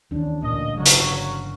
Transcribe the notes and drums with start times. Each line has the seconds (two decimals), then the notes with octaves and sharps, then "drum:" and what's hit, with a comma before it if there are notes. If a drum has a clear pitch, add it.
0.11 D#2 E3 C#4 D4
0.42 A1 D2 A#2 A#3 D#5
0.76 G1 C#3 F#3 F#4 A#4 C#5
0.86 drum: hi-hat